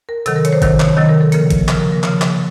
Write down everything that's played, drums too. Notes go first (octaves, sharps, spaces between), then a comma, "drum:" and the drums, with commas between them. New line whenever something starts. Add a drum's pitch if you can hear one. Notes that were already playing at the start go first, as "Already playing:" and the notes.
A#4
C3 D#3 F#3 A4, drum: hi-hat
A#4
C#5, drum: hi-hat
C5
C3 D#3 F#3 A#4, drum: kick G#1, hi-hat
C#5, drum: clap
C3 D#3 F#3 D#5, drum: tom D#3
A#4
A4
C#3 F3 A#3 A#4, drum: hi-hat
drum: kick G#1, hi-hat
C#3 F3 A#3 A#4, drum: clap
A#4
A#4
C#3 F3 A#3, drum: clap
drum: clap